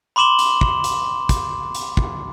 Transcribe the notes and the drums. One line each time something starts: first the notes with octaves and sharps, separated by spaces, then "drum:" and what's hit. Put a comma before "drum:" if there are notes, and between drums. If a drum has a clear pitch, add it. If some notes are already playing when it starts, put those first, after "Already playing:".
B5 C6 D6 E7 F#7 G7
drum: hi-hat
drum: kick
drum: hi-hat
drum: kick, hi-hat
drum: hi-hat
drum: kick